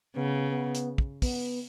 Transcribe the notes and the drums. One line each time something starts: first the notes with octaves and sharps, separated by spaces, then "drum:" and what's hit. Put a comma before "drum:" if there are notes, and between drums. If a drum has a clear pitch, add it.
C#3 B3
B3
drum: hi-hat
drum: kick
B3, drum: kick, open hi-hat